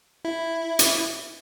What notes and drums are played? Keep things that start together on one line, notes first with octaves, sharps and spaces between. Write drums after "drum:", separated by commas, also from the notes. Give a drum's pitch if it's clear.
E4
drum: hi-hat